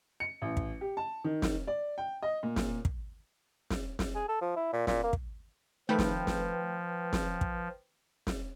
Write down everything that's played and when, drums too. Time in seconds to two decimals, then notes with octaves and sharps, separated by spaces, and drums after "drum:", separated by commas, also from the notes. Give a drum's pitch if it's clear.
0.20 C#7
0.42 A1
0.57 drum: kick
0.81 G4
0.97 A5
1.24 D#3
1.42 drum: snare
1.67 D5
1.98 G5
2.23 D#5
2.43 A#2
2.56 drum: snare
2.85 drum: kick
3.70 drum: snare
3.99 drum: snare
4.15 G#4
4.28 A4
4.41 F3
4.56 E4
4.73 A#2
4.87 A#2, drum: snare
5.03 A#3
5.13 drum: kick
5.89 D#3 F3 A3 B4 G5
5.99 drum: snare
6.27 drum: snare
7.13 drum: snare
7.41 drum: kick
8.27 drum: snare